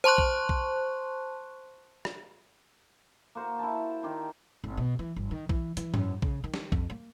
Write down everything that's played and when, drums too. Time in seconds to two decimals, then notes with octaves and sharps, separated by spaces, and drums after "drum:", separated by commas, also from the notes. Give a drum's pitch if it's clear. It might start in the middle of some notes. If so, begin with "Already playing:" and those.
0.04 C5 A5 C6 C#6 F#6
0.18 drum: kick B1
0.49 drum: kick B1
2.05 drum: rim click
3.35 A#3 F#4 C5
3.59 E4 A5
4.03 D#3 G4 C5
4.64 G#1
4.77 B2
4.99 E3
5.16 G1
5.31 D#3
5.49 E3, drum: kick B1
5.77 E3, drum: hi-hat
5.94 F#2, drum: tom G#2
6.22 C#3, drum: kick B1
6.44 D#3
6.54 drum: snare
6.72 F2, drum: kick B1
6.90 A#3